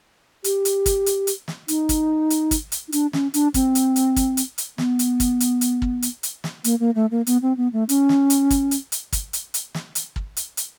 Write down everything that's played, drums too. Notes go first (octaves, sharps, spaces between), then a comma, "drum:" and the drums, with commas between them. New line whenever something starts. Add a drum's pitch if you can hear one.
G4, drum: hi-hat
drum: hi-hat
drum: kick, hi-hat
drum: hi-hat
drum: hi-hat
drum: snare
D#4, drum: hi-hat
drum: kick, hi-hat
drum: hi-hat
drum: kick, hi-hat
drum: hi-hat
D#4
D4, drum: hi-hat
C#4, drum: snare
D4, drum: hi-hat
C4, drum: kick, hi-hat
drum: hi-hat
drum: hi-hat
drum: kick, hi-hat
drum: hi-hat
drum: hi-hat
B3, drum: snare
drum: hi-hat
drum: kick, hi-hat
drum: hi-hat
drum: hi-hat
drum: kick
drum: hi-hat
drum: hi-hat
drum: snare
A#3, drum: hi-hat
A#3
A3
A#3
B3, drum: hi-hat
C4
B3
A3
C#4, drum: hi-hat
drum: snare
drum: hi-hat
drum: kick, hi-hat
drum: hi-hat
drum: hi-hat
drum: kick, hi-hat
drum: hi-hat
drum: hi-hat
drum: snare
drum: hi-hat
drum: kick
drum: hi-hat
drum: hi-hat